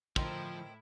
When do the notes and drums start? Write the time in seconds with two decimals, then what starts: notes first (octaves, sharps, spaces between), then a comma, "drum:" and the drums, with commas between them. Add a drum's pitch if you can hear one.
0.16 A2 D3 F3 C4 D#4 E4 A#4, drum: kick